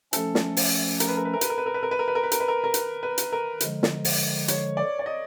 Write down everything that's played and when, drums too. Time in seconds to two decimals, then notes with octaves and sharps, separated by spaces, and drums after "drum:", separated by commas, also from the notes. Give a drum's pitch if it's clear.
0.13 F3 A3 C#4 A4, drum: hi-hat
0.35 drum: snare
0.57 drum: open hi-hat
1.00 A#4, drum: hi-hat
1.08 B4
1.17 A#4
1.25 B4
1.33 A#4
1.41 B4, drum: hi-hat
1.50 A#4
1.58 B4
1.66 A#4
1.74 B4
1.83 A#4
1.91 B4
1.99 A#4
2.08 B4
2.15 A#4
2.23 B4
2.32 A#4, drum: hi-hat
2.40 B4
2.48 A#4
2.64 A#4
2.74 B4, drum: hi-hat
3.03 B4
3.18 drum: hi-hat
3.32 A#4
3.60 D3 F3 G#3, drum: hi-hat
3.83 drum: snare
4.05 drum: open hi-hat
4.48 C#5, drum: hi-hat
4.77 D5
4.99 D5
5.06 D#5